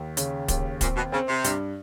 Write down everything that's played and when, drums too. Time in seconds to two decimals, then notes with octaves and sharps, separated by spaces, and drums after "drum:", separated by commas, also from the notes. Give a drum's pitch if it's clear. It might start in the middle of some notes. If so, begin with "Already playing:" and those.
Already playing: D#2
0.17 C#3, drum: hi-hat
0.48 D#2, drum: kick, hi-hat
0.81 A#2 C4, drum: kick, hi-hat
0.96 B2
1.12 C#3 C4
1.28 C3
1.45 G2, drum: hi-hat